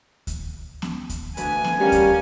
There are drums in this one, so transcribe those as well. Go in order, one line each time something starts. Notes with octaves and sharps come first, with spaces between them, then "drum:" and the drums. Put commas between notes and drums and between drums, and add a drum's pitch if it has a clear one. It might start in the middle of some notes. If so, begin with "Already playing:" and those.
drum: kick D2, hi-hat
drum: snare
drum: kick D2, hi-hat
D2 E3 B4 G#5, drum: hi-hat
drum: snare
G3 C#4 G4 A#4 F5
drum: kick D2, hi-hat